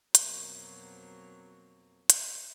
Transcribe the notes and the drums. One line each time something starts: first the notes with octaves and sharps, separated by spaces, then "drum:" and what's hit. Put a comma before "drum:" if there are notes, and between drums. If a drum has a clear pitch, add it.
F2 B2 F#3 A#3 C4, drum: hi-hat
drum: hi-hat